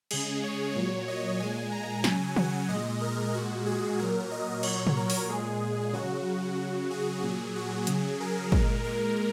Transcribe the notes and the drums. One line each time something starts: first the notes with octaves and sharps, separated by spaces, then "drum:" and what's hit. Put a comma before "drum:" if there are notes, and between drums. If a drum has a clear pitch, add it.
C#3 G#3 G#4, drum: cymbal
C#5
A#2 F#3 C#5
D#5
A#2 G#3 G#5
A#5
C#3 F#3 G#5, drum: snare
F#5, drum: tom
A#2 G#3 D#5
A#4
A#2 G#3 F#4
G#4
A#2 F#3 A#4
D#5
A#2 F#3 C#5, drum: cymbal
drum: tom C3
A#4
drum: open hi-hat
A#2 G#3 G#4
C#3 F#3 F#4
C#3 F#3
G#4
A#2 F#3 G#4
F#4
C#3 F#3 G#4, drum: hi-hat
A#4
A#2 G#3 A#4, drum: kick
A#4